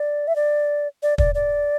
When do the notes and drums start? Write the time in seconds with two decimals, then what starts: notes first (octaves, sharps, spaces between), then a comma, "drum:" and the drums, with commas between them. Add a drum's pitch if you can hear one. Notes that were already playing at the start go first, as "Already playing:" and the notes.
Already playing: D5
0.28 E5
0.36 D5
1.03 D5
1.18 D5, drum: kick
1.35 D5